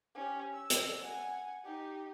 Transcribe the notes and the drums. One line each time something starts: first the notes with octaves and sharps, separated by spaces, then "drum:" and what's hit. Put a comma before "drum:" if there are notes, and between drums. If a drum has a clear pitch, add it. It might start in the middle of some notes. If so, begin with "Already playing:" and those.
C#4 G4
E6
drum: hi-hat
F#5 G#5
D#4 G4